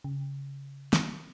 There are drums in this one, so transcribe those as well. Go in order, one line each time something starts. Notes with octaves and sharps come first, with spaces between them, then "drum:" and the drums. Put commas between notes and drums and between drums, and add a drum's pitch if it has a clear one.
C#3
drum: snare